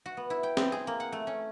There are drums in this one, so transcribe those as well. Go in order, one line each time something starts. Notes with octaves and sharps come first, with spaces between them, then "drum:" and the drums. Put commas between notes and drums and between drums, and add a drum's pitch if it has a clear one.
F#4
B3
E4
G5
C4, drum: snare
G#4
A#3
F#5
A3
C#4